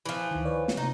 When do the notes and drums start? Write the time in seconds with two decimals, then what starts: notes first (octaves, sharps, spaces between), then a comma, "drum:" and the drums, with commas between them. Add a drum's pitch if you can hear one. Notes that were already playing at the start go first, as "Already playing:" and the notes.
0.06 E3 F3
0.31 D2 D#3
0.45 B4 C#5 D5
0.68 drum: snare
0.77 C3 D#4